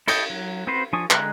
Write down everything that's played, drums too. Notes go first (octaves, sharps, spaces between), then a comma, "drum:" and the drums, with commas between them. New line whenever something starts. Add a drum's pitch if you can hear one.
E4 A4 C#5 D#5 G5, drum: cymbal
F#3
C4 F#4 B4 C5
F3 D4 G#5 C#6 D#6
D3 G#3 A#5 F#6, drum: clap